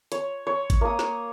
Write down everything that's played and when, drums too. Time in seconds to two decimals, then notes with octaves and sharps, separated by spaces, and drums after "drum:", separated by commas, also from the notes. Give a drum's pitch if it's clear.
0.12 C#5, drum: hi-hat
0.47 C#5
0.70 drum: kick G#1, hi-hat
0.81 A#3 D#6
0.99 drum: snare